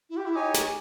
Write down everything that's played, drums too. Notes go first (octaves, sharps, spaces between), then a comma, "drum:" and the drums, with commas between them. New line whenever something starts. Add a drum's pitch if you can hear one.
E4
G4
E4
D#4 G4 C#5 G#5
drum: snare